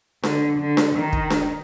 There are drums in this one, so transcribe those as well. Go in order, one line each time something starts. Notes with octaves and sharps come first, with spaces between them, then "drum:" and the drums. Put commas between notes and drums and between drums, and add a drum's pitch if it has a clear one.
D3, drum: snare D4
D3
drum: snare D4
D#3
drum: kick
drum: snare D4